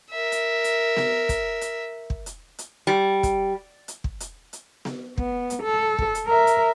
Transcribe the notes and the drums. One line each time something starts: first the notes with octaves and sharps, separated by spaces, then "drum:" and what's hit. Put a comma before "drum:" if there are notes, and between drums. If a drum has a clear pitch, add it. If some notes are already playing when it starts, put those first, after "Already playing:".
A#4 E5
drum: hi-hat
drum: hi-hat
drum: snare B3
drum: kick, hi-hat
drum: hi-hat
drum: kick
drum: hi-hat
drum: hi-hat
G3
drum: kick, hi-hat
drum: hi-hat
drum: kick
drum: hi-hat
drum: hi-hat
drum: snare B3
B3, drum: kick
drum: hi-hat
A4
drum: kick
drum: hi-hat
A#4 E5
drum: hi-hat